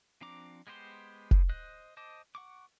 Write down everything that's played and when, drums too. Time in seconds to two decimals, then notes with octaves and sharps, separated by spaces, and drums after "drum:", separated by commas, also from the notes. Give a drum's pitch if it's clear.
0.21 F3 C4 D4 A#5 D6
0.67 G#3 B3 G4 C5 C6
1.31 drum: kick F1
1.49 C5 D#5 F#6
1.97 C5 D#5 A5 D6
2.35 F#5 C#6 D6